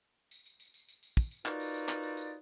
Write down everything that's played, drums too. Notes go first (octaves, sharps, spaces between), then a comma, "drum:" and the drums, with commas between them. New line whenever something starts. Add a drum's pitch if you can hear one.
drum: tambourine
drum: tambourine
drum: tambourine
drum: tambourine
drum: tambourine
drum: tambourine
drum: kick, tambourine
drum: tambourine
D#4 F4 F#4 A#4 B4 D5, drum: clap
drum: tambourine
drum: tambourine
drum: clap
drum: tambourine
drum: tambourine